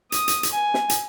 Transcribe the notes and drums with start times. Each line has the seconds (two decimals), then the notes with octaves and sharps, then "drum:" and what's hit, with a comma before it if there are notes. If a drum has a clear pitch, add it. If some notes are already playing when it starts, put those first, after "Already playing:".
0.12 D#6, drum: hi-hat
0.28 drum: hi-hat
0.43 drum: hi-hat
0.53 G#5
0.74 drum: snare
0.90 drum: hi-hat